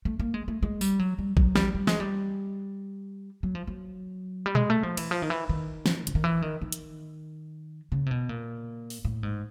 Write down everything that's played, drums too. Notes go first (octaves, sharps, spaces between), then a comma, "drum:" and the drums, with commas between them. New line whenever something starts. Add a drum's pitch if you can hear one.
A3
A#3
G#3
A3
G#3
G3, drum: tambourine
F#3
G3
F#3, drum: kick A1
G3, drum: snare
G3
G#3, drum: snare
G3
F#3
F3
F#3
G3
G#3, drum: tom A#2
A3
F3
E3, drum: cymbal
F3
D#3
E3
D#3
drum: snare
D3, drum: hi-hat
D#3
E3
D#3
D#3
drum: hi-hat
C#3
C3
B2
A#2
drum: open hi-hat
A2
G#2